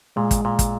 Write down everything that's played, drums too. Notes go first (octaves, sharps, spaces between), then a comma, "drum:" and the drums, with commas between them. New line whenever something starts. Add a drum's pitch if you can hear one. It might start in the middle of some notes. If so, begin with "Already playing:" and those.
A#2 G#3
drum: kick, hi-hat
A#2
drum: kick, hi-hat